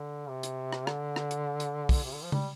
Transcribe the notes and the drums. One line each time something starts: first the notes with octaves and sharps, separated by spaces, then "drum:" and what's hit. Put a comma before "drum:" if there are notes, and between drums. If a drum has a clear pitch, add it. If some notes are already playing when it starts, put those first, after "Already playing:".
Already playing: D3
C3
drum: hi-hat
drum: rim click
D3, drum: rim click
drum: rim click
drum: hi-hat
drum: hi-hat
drum: kick, open hi-hat
C3
D3
F3
G3, drum: tom C#3